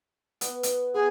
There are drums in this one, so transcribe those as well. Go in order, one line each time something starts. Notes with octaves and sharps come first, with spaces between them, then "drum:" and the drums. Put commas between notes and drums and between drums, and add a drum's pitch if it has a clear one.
B3, drum: hi-hat
drum: hi-hat
B3 G#4